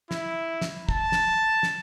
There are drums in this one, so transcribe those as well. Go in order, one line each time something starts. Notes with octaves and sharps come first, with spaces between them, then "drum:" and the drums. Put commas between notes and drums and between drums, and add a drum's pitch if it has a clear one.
E4, drum: snare
drum: snare
A5, drum: kick
drum: snare
drum: snare